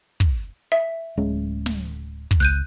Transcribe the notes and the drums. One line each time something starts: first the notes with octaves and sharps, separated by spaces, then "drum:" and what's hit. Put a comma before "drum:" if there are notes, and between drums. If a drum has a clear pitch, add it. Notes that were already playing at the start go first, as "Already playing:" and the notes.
drum: kick
E5
D1 G#3 C#4
drum: snare
drum: kick
C#2 F#6 G6 D#7